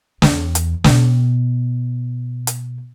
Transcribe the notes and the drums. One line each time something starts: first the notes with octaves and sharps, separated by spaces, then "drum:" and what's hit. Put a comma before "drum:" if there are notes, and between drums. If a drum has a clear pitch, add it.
E2, drum: snare
drum: hi-hat
B2, drum: snare
drum: hi-hat